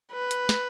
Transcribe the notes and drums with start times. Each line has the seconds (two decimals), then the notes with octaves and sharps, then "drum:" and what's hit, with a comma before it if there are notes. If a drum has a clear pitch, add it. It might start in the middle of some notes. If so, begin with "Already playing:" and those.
0.13 B4
0.31 drum: hi-hat
0.49 drum: snare